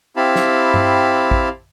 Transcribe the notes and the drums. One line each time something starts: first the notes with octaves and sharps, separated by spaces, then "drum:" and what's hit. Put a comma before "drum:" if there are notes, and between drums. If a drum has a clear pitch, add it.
C4 E4 G4 F5 A5 B5
drum: snare
drum: tom G2
drum: kick